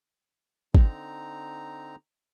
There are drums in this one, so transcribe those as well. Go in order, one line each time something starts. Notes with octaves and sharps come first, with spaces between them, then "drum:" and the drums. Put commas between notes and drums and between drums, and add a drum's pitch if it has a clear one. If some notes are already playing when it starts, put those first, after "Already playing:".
D3 C4 D#4 A#5, drum: kick